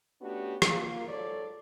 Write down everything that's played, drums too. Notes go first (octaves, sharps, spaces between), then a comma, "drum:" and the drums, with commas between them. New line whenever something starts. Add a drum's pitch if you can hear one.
A3 B3 C#4 D4 F#4 G4
A#3 F4, drum: rim click
G#2 F#3 A4 C#5 D5